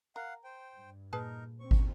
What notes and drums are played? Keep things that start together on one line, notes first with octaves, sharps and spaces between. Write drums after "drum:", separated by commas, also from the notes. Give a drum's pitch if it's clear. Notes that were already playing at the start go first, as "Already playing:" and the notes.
A#4 F5 F#5
C5 G5
G2
A#2 D#4 G#4 A#4 B4 A5
C4 C#6
drum: kick G#1